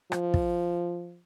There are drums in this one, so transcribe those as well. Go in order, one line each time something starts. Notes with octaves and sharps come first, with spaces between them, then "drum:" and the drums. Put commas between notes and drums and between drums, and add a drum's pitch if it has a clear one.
F3, drum: rim click
drum: kick